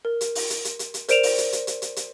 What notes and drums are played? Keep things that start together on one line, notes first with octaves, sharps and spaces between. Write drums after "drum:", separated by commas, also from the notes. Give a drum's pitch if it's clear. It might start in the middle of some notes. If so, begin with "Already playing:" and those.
A#4
drum: hi-hat
drum: open hi-hat
drum: hi-hat
drum: hi-hat
drum: hi-hat
drum: hi-hat
A#4 C5 D5 D7 E7 F7, drum: hi-hat
drum: open hi-hat
drum: hi-hat
drum: hi-hat
drum: hi-hat
drum: hi-hat
drum: hi-hat